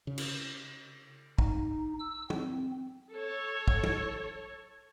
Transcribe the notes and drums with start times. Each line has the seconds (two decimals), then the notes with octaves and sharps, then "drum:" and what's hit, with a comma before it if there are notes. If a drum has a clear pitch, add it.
0.07 C#3
0.18 drum: cymbal
1.38 D#4, drum: kick
2.00 E6
2.30 C4, drum: tom
3.13 A4 C#5
3.68 drum: kick
3.84 drum: tom